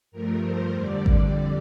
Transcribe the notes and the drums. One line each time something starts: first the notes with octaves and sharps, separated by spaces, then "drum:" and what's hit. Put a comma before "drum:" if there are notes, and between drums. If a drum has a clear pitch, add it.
G2 F3 A3 A#4
C5
F2 D3 G3 D5
drum: kick G#1